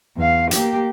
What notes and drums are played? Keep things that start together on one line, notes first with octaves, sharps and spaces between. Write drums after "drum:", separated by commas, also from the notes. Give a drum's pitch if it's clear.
E2 F5
A#3 G4, drum: hi-hat